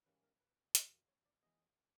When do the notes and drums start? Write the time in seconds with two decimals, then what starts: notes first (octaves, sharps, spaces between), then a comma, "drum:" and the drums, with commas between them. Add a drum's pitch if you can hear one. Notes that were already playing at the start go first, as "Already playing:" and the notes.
0.06 G#2 E3 G3 A#3 C#4 B4
0.24 A#4
0.41 B4
0.75 E2 B2 G3 A#3, drum: hi-hat
1.08 C#5
1.26 D5
1.43 E3 G#3 B3 D#5